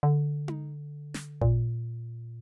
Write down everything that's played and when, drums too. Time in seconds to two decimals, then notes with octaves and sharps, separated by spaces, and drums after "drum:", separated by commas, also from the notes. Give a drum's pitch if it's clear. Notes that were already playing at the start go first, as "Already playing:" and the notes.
0.03 D3
0.48 drum: tom D#4
1.14 drum: snare
1.42 A#2, drum: kick A1